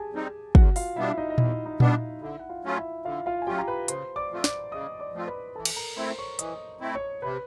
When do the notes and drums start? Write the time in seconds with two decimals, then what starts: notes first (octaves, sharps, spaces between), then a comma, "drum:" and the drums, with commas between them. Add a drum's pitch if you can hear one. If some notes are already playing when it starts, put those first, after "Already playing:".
Already playing: G4 G#4 G#5 A5
0.13 G3 C4 D#4
0.55 E2 F#4 F#5, drum: kick
0.76 F4 F5, drum: open hi-hat
0.96 B2 G3 B3 D4 E4 E5
1.18 D#4 D#5
1.30 D#5
1.38 E2 E4 E5, drum: tom A#2
1.66 D#4 D#5
1.80 B2 G3 B3 D4, drum: tom A#2
2.22 D3 E4 E5
2.39 F#5
2.49 F4 F5
2.64 F#3 A3 C#4 F4
2.77 E4 E5
3.05 D3 F4 F5
3.26 F4 F5
3.42 G#5
3.47 F#3 A3 C#4 F4 G4 G5
3.58 A#5
3.68 B4 B5
3.88 C#3 C5 C6, drum: hi-hat
4.16 D5 D6
4.31 F3 A3 C4 F4
4.44 D5 D6, drum: snare
4.72 C#3 D#5 D#6
5.00 D5 D6
5.13 F3 A3 C4 F4
5.27 B4 B5
5.55 E3 A4 A5
5.65 drum: cymbal
5.76 A#4 A#5
5.97 A3 C4 E4 C5 C6
6.18 C#5 C#6
6.39 E3 D#5 D#6, drum: hi-hat
6.81 A3 C4 E4
6.95 C#5 C#6
7.22 C3 B4 B5